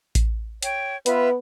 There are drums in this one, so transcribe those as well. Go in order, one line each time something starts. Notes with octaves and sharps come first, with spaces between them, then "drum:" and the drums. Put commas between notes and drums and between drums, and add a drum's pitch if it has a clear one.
drum: kick A1, hi-hat
C#5 G5, drum: hi-hat
B3 F4 B4 E5, drum: hi-hat